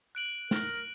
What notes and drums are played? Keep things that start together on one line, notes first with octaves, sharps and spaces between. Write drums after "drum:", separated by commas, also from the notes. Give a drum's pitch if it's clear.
F#6 D7 F#7
A#4, drum: snare